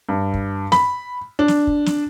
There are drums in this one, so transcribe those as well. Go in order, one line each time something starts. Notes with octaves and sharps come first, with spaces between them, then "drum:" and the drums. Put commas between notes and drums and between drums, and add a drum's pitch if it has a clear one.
G2
drum: kick
B5, drum: snare
D4
drum: snare
drum: kick
drum: snare